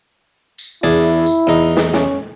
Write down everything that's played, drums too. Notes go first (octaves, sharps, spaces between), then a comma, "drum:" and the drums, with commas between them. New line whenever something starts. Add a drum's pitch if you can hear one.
drum: tambourine
E2 D4 E4 G#4
drum: tambourine
E2 D#4
drum: snare
C#4, drum: snare